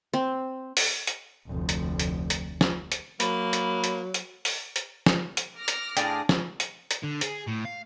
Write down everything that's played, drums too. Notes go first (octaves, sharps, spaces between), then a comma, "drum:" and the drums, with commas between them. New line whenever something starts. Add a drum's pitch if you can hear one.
C4
drum: open hi-hat
drum: hi-hat
F1 D2
drum: hi-hat
drum: hi-hat
drum: hi-hat
drum: snare
drum: hi-hat
F#3 A#3 B5, drum: hi-hat
drum: hi-hat
drum: hi-hat
drum: hi-hat
drum: open hi-hat
drum: hi-hat
drum: snare
drum: hi-hat
D6 F6 A#6
drum: hi-hat
A2 D4 G#4 D5 F5 G5, drum: hi-hat
drum: snare
drum: hi-hat
drum: hi-hat
D3
G#4, drum: hi-hat
A2
F5